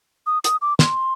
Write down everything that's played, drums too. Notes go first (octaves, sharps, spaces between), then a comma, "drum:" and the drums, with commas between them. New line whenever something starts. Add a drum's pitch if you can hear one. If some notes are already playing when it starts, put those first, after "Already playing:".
D#6
D#6, drum: hi-hat
D6
C6, drum: snare